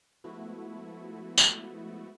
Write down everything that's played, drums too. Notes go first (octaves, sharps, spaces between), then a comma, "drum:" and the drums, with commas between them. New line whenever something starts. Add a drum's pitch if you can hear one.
F3 G#3 A3 B3 E4 F#4
drum: tambourine